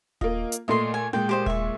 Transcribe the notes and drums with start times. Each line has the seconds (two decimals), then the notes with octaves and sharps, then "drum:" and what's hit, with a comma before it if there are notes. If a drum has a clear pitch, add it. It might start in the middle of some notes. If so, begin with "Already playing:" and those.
0.21 A#3 F4 D#5, drum: kick D#1
0.52 drum: hi-hat
0.68 A#2 A3 D#5 C6
0.94 G#5
1.13 A#2 G#3 G5
1.29 G4 C5 D#5
1.46 E5 C#6, drum: kick D#1